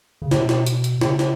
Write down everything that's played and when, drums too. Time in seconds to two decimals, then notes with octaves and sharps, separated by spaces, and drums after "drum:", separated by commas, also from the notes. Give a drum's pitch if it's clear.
0.22 C#3
0.31 B2, drum: snare
0.49 drum: snare
0.67 drum: hi-hat
0.84 drum: hi-hat
1.01 C#3, drum: snare
1.19 drum: snare